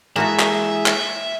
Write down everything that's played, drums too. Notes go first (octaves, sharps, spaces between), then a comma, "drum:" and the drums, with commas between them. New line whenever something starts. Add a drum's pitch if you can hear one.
E3 G#3 A#3 E4 F#4 G#4 A4 E5
drum: clap
drum: clap